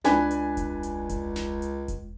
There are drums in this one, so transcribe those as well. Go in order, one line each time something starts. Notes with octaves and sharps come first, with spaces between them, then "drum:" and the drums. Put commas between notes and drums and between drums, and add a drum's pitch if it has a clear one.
C#2 D4 B4 G#5, drum: snare
drum: hi-hat
drum: kick E1, hi-hat
drum: hi-hat
drum: kick E1, hi-hat
drum: snare
drum: hi-hat
drum: kick E1, hi-hat